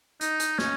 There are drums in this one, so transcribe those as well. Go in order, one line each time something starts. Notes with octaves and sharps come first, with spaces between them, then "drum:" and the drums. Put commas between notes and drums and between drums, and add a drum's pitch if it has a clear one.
D#4, drum: hi-hat
drum: hi-hat
C#4, drum: snare